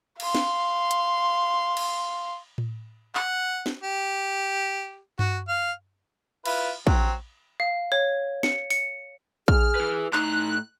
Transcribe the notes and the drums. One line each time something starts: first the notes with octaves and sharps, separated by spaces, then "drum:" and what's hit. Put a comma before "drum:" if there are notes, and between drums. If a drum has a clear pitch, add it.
F5 C6, drum: cymbal
drum: snare
drum: hi-hat
drum: cymbal
drum: tom A2
F#5, drum: clap
drum: snare
G4
F#4, drum: tom G2
F5
E4 F4 B4, drum: cymbal
F#3 C4, drum: kick
F5
C#5
C#7, drum: snare
C#7, drum: open hi-hat
G#4 F6, drum: kick
E4 B4
A2 D#4 A#5 F#6, drum: clap